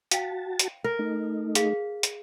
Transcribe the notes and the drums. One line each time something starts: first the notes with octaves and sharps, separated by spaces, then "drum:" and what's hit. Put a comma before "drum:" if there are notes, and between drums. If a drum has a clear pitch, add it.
F#4 F5 G5 A5, drum: hi-hat
drum: hi-hat
A#4
A3 D#4
G#4 F5, drum: hi-hat
drum: hi-hat